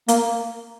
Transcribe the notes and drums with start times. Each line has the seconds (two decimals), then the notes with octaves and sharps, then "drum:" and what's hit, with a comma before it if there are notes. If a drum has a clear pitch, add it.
0.08 A#3, drum: hi-hat